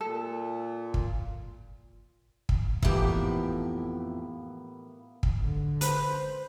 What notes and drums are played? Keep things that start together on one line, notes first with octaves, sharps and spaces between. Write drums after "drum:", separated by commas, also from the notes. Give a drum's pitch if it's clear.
A#2 A4
drum: kick
drum: kick
F2 A2 E3 A#3 B3 E4 G4 E5, drum: kick
drum: kick
D3
B4 C5, drum: hi-hat